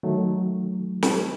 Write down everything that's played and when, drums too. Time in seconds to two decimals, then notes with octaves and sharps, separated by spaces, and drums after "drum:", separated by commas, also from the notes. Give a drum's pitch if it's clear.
0.03 D#3 F#3 A3
1.03 drum: snare